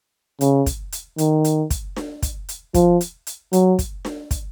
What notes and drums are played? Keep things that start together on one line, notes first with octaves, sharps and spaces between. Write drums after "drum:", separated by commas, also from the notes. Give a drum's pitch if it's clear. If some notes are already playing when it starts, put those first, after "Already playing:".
C#3, drum: hi-hat
drum: kick, hi-hat
drum: hi-hat
D#3, drum: hi-hat
drum: hi-hat
drum: kick, hi-hat
drum: snare D4
drum: kick, hi-hat
drum: hi-hat
F3, drum: kick, hi-hat
drum: hi-hat
drum: hi-hat
F#3, drum: hi-hat
drum: kick, hi-hat
drum: snare D4
drum: kick, hi-hat